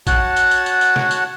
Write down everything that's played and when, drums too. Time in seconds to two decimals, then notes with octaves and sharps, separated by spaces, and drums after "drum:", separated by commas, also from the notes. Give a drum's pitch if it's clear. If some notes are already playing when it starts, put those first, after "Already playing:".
0.07 F#4 C#5 F#5 A5, drum: kick, tambourine
0.36 drum: tambourine
0.51 drum: tambourine
0.66 drum: tambourine
0.81 drum: tambourine
0.96 drum: snare
1.11 drum: tambourine